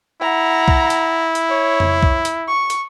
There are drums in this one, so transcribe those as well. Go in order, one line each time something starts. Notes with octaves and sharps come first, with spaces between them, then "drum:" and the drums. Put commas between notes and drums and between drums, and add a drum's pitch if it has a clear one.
E4 F#5 A#5
drum: kick B1
drum: hi-hat
drum: hi-hat
C#5
drum: tom F2
drum: kick B1
drum: hi-hat
C#6
drum: hi-hat